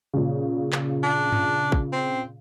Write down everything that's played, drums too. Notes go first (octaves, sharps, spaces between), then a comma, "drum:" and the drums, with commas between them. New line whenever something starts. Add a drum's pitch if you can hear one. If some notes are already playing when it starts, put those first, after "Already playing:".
A#2 C#3
drum: clap
D4
drum: tom G2
drum: kick
C4